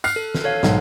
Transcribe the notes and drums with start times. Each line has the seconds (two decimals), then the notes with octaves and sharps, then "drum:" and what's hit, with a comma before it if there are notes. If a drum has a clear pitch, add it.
0.04 F6 F#6 C7, drum: tambourine
0.16 A4
0.35 drum: snare
0.44 A4 C#5 F5
0.63 B1 G#2, drum: snare